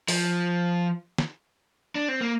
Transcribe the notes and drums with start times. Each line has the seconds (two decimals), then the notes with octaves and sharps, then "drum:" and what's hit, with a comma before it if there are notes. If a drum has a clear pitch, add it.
0.08 F3, drum: open hi-hat
1.18 drum: snare
1.95 D4
2.08 C4
2.21 A#3